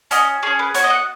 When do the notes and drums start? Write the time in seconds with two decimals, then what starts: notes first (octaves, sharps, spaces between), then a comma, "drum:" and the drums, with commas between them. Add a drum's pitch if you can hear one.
0.11 C#4 F#4 D#5, drum: hi-hat
0.43 C#4 G#4 C#5
0.59 B4
0.74 B3 D#4 F#4 C#5, drum: hi-hat
0.84 D#5
0.90 F#5